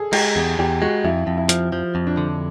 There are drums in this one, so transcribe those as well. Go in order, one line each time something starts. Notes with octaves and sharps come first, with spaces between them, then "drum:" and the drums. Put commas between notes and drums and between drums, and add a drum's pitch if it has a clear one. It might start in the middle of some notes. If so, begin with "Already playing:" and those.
Already playing: G#4 A4
G#3 G4, drum: cymbal
E2 G#4
E2 G4
G#3 F#4
F2 E4
F2
E4
F3, drum: hi-hat
F3
F2
D4
D3